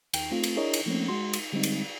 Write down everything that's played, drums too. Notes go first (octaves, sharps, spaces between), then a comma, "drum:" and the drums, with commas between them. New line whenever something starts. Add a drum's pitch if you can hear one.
D#2 G5, drum: cymbal
A3 C4 F4
drum: cymbal
D4 E4 G#4 A#4 C#5 D#5
drum: cymbal
F3 A3 A#3 C4 C#4
G#3 F#4 C6
drum: cymbal
D3 G3 G#3 C4 D#4
drum: cymbal